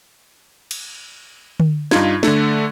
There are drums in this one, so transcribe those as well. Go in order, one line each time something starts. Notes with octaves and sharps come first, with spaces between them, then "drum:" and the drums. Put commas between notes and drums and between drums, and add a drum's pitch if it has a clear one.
drum: cymbal
drum: tom D3
G2 D#4 F4 G#6, drum: snare
D3 A3, drum: snare